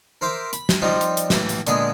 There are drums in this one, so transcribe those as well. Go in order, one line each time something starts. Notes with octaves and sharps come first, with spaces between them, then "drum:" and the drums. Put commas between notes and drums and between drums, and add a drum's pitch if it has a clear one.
A#4 C5 E5 D6
B5, drum: hi-hat
drum: snare
F3 G3 C4 D#4 F4
drum: hi-hat
drum: hi-hat
A2 E3 A#3, drum: snare
drum: hi-hat
A#2 D3 G#3 A#3 B3 G#4, drum: hi-hat